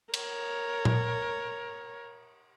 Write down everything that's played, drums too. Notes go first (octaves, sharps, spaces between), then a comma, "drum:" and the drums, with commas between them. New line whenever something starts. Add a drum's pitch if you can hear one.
A#4 C#5, drum: cymbal
drum: tom A#2